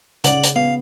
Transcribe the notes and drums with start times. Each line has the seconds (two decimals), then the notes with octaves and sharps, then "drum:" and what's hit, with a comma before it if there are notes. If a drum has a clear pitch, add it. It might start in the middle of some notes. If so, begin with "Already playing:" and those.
0.24 C#3 D5 F#5, drum: hi-hat
0.43 drum: hi-hat
0.56 B3 F5